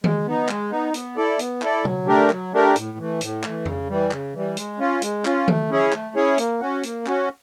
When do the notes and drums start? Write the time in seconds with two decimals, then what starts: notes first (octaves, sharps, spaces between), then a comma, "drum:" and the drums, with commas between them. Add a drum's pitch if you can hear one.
0.04 G#3, drum: tom D#3
0.26 B3 D#4
0.48 G#3, drum: clap
0.71 B3 D#4
0.94 B3, drum: hi-hat
1.16 E4 A4 D5
1.39 B3, drum: hi-hat
1.62 E4 A4 D5, drum: clap
1.85 F#3, drum: tom B2
2.07 A3 D4 G4 A#4
2.30 F#3, drum: clap
2.53 A3 D4 G4 A#4
2.76 A2, drum: hi-hat
2.98 E3 A3
3.21 A2, drum: hi-hat
3.43 E3 A3, drum: clap
3.65 C#3, drum: tom F2
3.89 E3 G3
4.11 C#3, drum: clap
4.34 E3 G3
4.57 G#3, drum: hi-hat
4.79 C#4 F4
5.02 G#3, drum: hi-hat
5.25 C#4 F4, drum: clap
5.48 A3, drum: tom D#3
5.70 C#4 E4 G#4 C#5
5.92 A3, drum: clap
6.15 C#4 E4 G#4 C#5
6.38 A#3, drum: hi-hat
6.60 C#4 F#4
6.83 A#3, drum: hi-hat
7.06 C#4 F#4, drum: clap